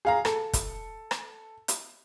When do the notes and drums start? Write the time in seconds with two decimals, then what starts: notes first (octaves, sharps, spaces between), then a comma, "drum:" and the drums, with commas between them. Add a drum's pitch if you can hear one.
0.05 G#4 F5 A#5
0.25 A4, drum: rim click
0.53 drum: kick, hi-hat
1.11 drum: rim click
1.68 drum: hi-hat